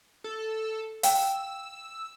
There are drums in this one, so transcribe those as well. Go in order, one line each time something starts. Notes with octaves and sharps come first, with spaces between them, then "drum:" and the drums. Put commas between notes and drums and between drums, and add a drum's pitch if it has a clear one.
A4
F5 G5 E6, drum: open hi-hat